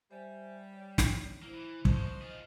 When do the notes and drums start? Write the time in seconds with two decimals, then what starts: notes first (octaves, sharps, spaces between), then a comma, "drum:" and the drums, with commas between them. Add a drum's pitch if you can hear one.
0.11 G3 C5 E5 G#5
0.74 C#5
0.98 drum: snare
1.42 A#3 E4 C5
1.54 E3
1.85 F2 F3 G#3 D#4 C5 A5 C6 C#6, drum: kick
2.22 F4 G#4 D#5